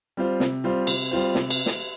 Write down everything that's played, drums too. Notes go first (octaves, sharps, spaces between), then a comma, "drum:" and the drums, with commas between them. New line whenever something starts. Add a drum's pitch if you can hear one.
G3 C4 F4 C5
C3, drum: snare
G3 C4 F4 C5
C3, drum: cymbal
G3 C4 F4 C5
C3, drum: snare
drum: cymbal
drum: snare